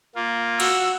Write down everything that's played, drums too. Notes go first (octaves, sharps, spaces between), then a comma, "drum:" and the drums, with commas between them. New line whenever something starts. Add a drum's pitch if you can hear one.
A#3 F4
F#4 E6, drum: cymbal